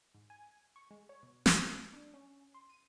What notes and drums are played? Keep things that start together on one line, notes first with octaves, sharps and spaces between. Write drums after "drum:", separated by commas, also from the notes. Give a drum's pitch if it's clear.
G#2
G#5
C#6
G#3
C#5
B2
A3, drum: snare
D4
C#4
C6
D#7